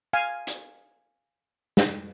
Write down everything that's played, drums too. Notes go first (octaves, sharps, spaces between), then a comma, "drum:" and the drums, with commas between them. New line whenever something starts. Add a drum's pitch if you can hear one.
F5 G#5
drum: hi-hat
drum: snare